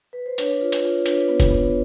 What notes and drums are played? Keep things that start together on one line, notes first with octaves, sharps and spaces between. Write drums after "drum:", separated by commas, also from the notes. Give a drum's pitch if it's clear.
B4
C5
D4 B4 C#5, drum: hi-hat
F4
drum: hi-hat
F4
D4 B4 C#5, drum: hi-hat
B3
drum: kick, hi-hat
B3